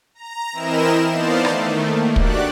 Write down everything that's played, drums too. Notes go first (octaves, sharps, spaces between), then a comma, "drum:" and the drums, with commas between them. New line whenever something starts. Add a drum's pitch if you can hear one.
A#5
E3 C4 E4 A#4 D#5 E7
B3 D#4 C5 D5 F5 A5
D#3 A3, drum: rim click
A#3
D4 F#4 G4 D5 F#6, drum: kick